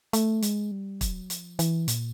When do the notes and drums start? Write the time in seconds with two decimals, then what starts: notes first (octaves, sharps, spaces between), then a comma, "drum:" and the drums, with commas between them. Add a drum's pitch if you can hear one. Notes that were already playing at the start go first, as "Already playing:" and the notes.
0.13 A3, drum: hi-hat
0.42 G#3, drum: hi-hat
0.71 G3
1.01 F#3, drum: kick, hi-hat
1.30 F3, drum: hi-hat
1.59 E3, drum: hi-hat
1.88 A#2, drum: hi-hat